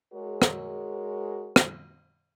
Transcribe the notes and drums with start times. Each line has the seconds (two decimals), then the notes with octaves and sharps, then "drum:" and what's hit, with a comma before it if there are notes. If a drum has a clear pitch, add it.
0.13 G#3 F#4 G#4 A#4 C#5
0.42 drum: rim click
1.56 drum: rim click